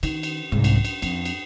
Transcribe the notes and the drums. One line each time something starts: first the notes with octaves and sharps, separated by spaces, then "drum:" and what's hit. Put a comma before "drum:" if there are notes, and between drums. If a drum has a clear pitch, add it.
D#3, drum: cymbal
drum: cymbal
C2 G#2
drum: cymbal
F3
drum: cymbal
F2, drum: cymbal
drum: cymbal